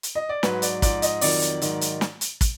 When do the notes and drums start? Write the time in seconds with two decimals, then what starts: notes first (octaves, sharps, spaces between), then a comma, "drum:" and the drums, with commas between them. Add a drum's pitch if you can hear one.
0.03 drum: hi-hat
0.15 D#5
0.29 D5
0.43 G#2 F#3 B4, drum: snare
0.62 D5, drum: hi-hat
0.82 G#2 F3 D5, drum: kick, hi-hat
1.02 D#5, drum: hi-hat
1.21 F2 D#3 F#3 D5, drum: open hi-hat
1.42 drum: hi-hat
1.61 G#2 D#3 F#3, drum: hi-hat
1.81 drum: hi-hat
2.01 drum: snare
2.21 drum: hi-hat
2.41 drum: kick, hi-hat